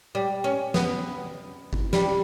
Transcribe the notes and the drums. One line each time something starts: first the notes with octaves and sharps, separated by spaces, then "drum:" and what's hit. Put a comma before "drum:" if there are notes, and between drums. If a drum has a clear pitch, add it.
G3
C#4
B3, drum: snare
drum: kick G1
G3, drum: snare